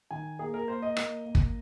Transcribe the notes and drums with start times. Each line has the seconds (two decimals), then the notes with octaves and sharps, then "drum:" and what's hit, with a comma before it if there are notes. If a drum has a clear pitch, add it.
0.11 D#3 G#5
0.39 A#3 G#4
0.54 A#4
0.68 A#3 C5
0.82 D#5
0.97 A#3, drum: rim click
1.25 A#3
1.35 drum: kick